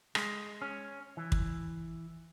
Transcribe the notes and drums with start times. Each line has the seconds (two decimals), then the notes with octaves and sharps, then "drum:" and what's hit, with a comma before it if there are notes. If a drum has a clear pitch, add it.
0.15 G#3, drum: rim click
0.62 C#4
1.17 E3
1.32 drum: kick